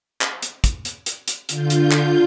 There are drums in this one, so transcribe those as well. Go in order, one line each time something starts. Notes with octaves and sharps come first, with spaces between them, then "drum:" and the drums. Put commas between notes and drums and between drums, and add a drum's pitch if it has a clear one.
drum: clap
drum: hi-hat
drum: kick, hi-hat
drum: hi-hat
drum: hi-hat
drum: hi-hat
D3 F4 G6, drum: hi-hat
drum: hi-hat
drum: clap